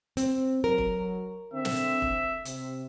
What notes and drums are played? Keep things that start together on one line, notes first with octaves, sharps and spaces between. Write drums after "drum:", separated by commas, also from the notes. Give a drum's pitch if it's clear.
C4, drum: hi-hat
F#3 A#4
drum: kick
D3 C4 E5
drum: snare
drum: kick
C3, drum: hi-hat